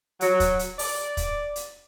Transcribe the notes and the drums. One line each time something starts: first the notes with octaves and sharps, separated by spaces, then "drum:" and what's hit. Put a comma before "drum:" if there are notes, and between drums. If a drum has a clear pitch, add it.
F#3, drum: hi-hat
drum: kick, hi-hat
drum: hi-hat
D5, drum: open hi-hat
drum: kick, hi-hat
drum: hi-hat